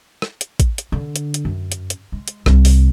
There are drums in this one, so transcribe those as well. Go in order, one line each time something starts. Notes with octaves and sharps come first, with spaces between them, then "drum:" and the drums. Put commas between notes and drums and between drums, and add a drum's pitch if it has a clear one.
drum: rim click
drum: hi-hat
drum: kick, hi-hat
drum: hi-hat
D3
drum: hi-hat
drum: hi-hat
F#2
drum: hi-hat
drum: hi-hat
G#3
drum: hi-hat
C2, drum: rim click
drum: open hi-hat